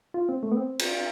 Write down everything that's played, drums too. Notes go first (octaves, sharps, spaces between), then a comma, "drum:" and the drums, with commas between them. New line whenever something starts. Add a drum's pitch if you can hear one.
F4
C4
A3
B3
C4
drum: cymbal